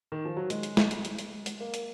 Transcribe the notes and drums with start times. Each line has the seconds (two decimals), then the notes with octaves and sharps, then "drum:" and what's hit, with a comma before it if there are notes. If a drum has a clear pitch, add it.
0.12 D#3
0.25 F3
0.37 F#3
0.50 G#3, drum: hi-hat
0.63 drum: hi-hat
0.77 drum: snare
0.91 drum: hi-hat
1.05 drum: hi-hat
1.19 drum: hi-hat
1.46 drum: hi-hat
1.60 A#3
1.74 drum: hi-hat